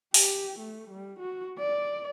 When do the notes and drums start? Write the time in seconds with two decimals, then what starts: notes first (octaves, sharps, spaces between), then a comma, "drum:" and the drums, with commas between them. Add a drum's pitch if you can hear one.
0.14 G4, drum: open hi-hat
0.59 A3
0.91 G3
1.19 F#4
1.58 D5